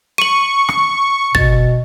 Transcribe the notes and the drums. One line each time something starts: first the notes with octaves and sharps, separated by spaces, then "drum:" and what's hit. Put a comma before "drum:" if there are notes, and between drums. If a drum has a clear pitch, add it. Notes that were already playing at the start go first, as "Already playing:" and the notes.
C#6 D#7 F#7
drum: rim click
B2 A6, drum: kick